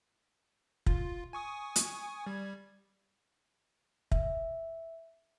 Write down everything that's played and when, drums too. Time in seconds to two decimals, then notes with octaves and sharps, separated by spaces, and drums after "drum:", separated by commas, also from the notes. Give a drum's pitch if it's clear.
0.86 F4, drum: kick
1.33 G#5 C#6 D#6
1.76 drum: hi-hat
2.27 G3 G#6
4.12 E5, drum: kick